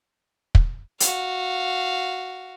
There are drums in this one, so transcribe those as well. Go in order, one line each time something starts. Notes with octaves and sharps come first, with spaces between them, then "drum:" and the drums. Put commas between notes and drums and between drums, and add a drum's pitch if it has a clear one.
drum: kick
F#4 F5, drum: hi-hat